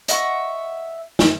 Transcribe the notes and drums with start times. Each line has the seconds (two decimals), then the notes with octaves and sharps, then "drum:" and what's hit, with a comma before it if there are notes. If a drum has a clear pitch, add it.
0.08 D#5 E5 F#5 C#6, drum: hi-hat
1.19 drum: snare